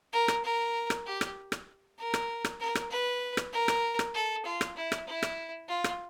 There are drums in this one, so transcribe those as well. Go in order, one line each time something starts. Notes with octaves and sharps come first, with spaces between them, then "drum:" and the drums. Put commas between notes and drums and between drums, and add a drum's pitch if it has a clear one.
A#4
drum: rim click
A#4
drum: rim click
G4
drum: rim click
drum: rim click
A#4
drum: rim click
drum: rim click
A#4
drum: rim click
B4
drum: rim click
A#4
drum: rim click
drum: rim click
A4
F4
drum: rim click
E4
drum: rim click
E4
drum: rim click
F4
drum: rim click